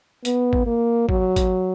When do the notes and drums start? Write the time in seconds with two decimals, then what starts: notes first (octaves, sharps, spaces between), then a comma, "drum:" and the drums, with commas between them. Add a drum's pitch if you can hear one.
0.25 B3, drum: hi-hat
0.53 drum: kick G#1
0.66 A#3
1.09 F#3, drum: kick G#1
1.36 drum: kick G#1, hi-hat